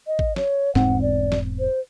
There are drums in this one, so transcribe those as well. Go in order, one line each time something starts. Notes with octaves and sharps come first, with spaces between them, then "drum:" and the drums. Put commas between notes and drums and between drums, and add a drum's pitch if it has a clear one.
D#5
drum: kick
C#5, drum: snare
E1 G#2 C4 F#5, drum: snare
D5
drum: snare
C5